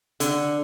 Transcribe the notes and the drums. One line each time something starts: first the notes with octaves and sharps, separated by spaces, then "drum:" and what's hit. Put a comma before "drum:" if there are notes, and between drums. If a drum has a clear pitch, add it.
D3, drum: hi-hat